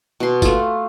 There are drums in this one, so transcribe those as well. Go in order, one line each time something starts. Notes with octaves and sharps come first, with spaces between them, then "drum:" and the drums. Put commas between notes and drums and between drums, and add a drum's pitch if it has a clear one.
B2 C6
A3 F4, drum: kick G1, tambourine